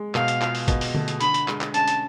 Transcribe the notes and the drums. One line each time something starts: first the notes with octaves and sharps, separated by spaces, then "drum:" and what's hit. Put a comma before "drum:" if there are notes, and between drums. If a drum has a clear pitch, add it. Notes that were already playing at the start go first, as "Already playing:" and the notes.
Already playing: G#3
B2 F5, drum: clap
drum: hi-hat
F4, drum: clap
drum: open hi-hat
B2, drum: kick, hi-hat
drum: open hi-hat
A3, drum: tom D3
drum: hi-hat
D3 B5, drum: hi-hat
drum: hi-hat
G#3, drum: clap
drum: clap
C#4 A5, drum: hi-hat
drum: hi-hat